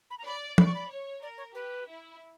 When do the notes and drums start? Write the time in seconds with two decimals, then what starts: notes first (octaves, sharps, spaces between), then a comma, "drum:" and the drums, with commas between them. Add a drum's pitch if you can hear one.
0.10 B5
0.18 A#5
0.25 D5 B5
0.58 D5 B5, drum: tom
0.66 C#6
0.74 B5
0.90 C#5
1.22 A#4 D5
1.37 C#5
1.54 G4 B4
1.87 E4